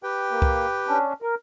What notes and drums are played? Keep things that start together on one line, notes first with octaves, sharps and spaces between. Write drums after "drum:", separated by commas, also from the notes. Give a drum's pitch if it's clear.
G4 B4 G5
A#3
drum: kick C2
C#4 D4
A#4